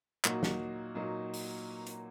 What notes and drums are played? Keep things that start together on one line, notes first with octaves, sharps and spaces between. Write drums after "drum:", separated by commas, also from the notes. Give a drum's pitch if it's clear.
A#2 F#3 A#3 D#4 F#4, drum: clap
drum: snare
A#2 F#3 A#3 D#4 F#4
drum: open hi-hat
drum: hi-hat